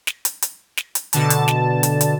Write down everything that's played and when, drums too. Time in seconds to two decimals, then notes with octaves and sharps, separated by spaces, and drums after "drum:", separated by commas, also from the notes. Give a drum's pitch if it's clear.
0.07 drum: snare
0.25 drum: hi-hat
0.42 drum: hi-hat
0.78 drum: snare
0.95 drum: hi-hat
1.13 B2 D3 A5, drum: hi-hat
1.30 drum: hi-hat
1.48 drum: snare
1.83 drum: hi-hat
2.01 drum: hi-hat